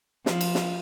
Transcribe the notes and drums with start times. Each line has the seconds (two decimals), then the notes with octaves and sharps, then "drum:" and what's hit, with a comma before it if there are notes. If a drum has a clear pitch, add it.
0.26 F3, drum: snare
0.41 drum: cymbal
0.55 drum: snare